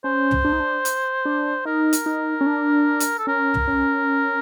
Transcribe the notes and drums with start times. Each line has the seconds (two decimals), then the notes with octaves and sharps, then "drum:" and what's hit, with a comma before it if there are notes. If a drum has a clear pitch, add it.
0.04 C#4 C5
0.31 drum: tom
0.45 D4
0.53 D#4
0.60 D4
0.85 drum: hi-hat
1.25 D4
1.65 D#4 A#4
1.93 drum: hi-hat
2.06 D#4
2.41 C#4
2.47 D4
3.00 drum: hi-hat
3.19 A4
3.27 C#4 A#4
3.54 drum: tom
3.67 C#4